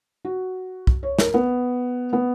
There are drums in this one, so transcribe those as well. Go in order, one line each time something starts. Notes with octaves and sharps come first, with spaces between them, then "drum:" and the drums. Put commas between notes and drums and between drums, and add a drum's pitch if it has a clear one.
F#4
drum: kick
C#5
A#4, drum: snare
B3
B3